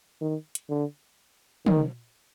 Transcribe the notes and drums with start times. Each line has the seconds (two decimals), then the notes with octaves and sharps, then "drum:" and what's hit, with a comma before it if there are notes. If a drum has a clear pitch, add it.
0.22 D#3
0.55 drum: hi-hat
0.70 D3
1.66 D#3, drum: tom